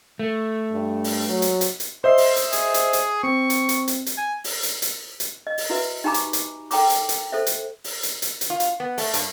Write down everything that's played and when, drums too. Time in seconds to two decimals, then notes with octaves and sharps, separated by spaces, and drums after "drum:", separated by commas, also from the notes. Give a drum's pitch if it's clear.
0.19 A3
0.72 G2
1.04 drum: open hi-hat
1.29 F#3
1.42 drum: hi-hat
1.61 drum: hi-hat
1.80 drum: hi-hat
2.04 C5 D#5 E5 C6
2.18 drum: open hi-hat
2.36 drum: hi-hat
2.53 G#4, drum: hi-hat
2.74 drum: hi-hat
2.93 drum: hi-hat
3.23 C4 C#6
3.50 drum: hi-hat
3.69 drum: hi-hat
3.88 drum: hi-hat
4.06 drum: hi-hat
4.18 G#5
4.44 drum: open hi-hat
4.63 drum: hi-hat
4.82 drum: hi-hat
5.20 drum: hi-hat
5.47 D#5
5.58 drum: open hi-hat
5.70 E4 F#4 B4 E5
6.04 D#4 G4 G#5 A#5 B5 D6
6.14 drum: hi-hat
6.33 drum: hi-hat
6.71 A4 G5 A#5 D6, drum: open hi-hat
6.90 drum: hi-hat
7.09 drum: hi-hat
7.32 A4 C5 E5
7.47 drum: hi-hat
7.84 drum: open hi-hat
8.03 drum: hi-hat
8.22 drum: hi-hat
8.41 drum: hi-hat
8.50 F4
8.60 drum: hi-hat
8.80 B3
8.98 A3, drum: open hi-hat
9.14 G2, drum: hi-hat